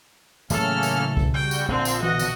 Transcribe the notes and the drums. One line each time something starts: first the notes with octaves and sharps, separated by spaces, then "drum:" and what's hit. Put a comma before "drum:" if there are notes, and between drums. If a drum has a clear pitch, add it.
A2 C#3 E3 F#3 A#3 C#4 A4 F6, drum: tambourine
drum: tambourine
drum: kick C2
G3 F#4 G5
drum: tambourine
A#1 D3 F3 C4
drum: tambourine
B2 D3 E3 F#4 D#5
drum: tambourine